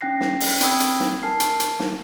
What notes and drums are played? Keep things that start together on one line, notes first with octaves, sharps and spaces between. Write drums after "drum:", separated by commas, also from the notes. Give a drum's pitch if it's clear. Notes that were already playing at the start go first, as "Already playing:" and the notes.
C#4 D4 G5 F#6 A#6 C7
drum: snare
drum: open hi-hat
C4 G5 B5 D#6 E6 G#6, drum: hi-hat
drum: hi-hat
drum: snare
A#4 G#5 A5 F6 C7
drum: hi-hat
drum: hi-hat
drum: snare